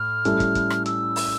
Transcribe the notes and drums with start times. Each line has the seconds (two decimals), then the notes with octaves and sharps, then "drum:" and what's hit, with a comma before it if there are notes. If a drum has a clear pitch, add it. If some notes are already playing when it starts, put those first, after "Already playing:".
Already playing: A2 F6
0.25 A2 G3 C#4 E4 A4, drum: hi-hat
0.40 drum: kick, hi-hat
0.55 drum: kick, hi-hat
0.70 drum: rim click
0.86 E6, drum: hi-hat
1.16 drum: open hi-hat